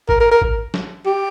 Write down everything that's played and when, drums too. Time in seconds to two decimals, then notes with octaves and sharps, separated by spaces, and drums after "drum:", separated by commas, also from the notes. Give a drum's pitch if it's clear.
0.09 A#4, drum: kick G#1
0.20 A#4
0.31 A#4
0.42 drum: kick G#1
0.74 drum: snare
1.06 G4